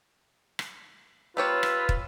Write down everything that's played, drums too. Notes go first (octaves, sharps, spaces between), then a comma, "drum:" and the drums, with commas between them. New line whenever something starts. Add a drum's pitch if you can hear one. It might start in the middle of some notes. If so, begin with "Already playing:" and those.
drum: rim click
A#3 F4 G4 B4 C#5 E6
drum: rim click
drum: kick